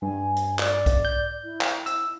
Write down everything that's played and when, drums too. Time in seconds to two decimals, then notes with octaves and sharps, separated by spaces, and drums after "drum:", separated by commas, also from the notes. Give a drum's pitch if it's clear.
0.02 G2 G#5
0.36 drum: hi-hat
0.59 D5, drum: clap
0.86 drum: kick B1, hi-hat
1.05 G6
1.44 E4
1.61 drum: clap
1.86 E6, drum: hi-hat